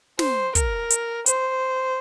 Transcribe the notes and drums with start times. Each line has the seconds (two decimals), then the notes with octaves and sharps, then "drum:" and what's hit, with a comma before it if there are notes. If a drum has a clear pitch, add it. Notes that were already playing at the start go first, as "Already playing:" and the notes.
0.19 C5, drum: snare
0.55 A#4, drum: kick, hi-hat
0.90 drum: hi-hat
1.26 C5, drum: hi-hat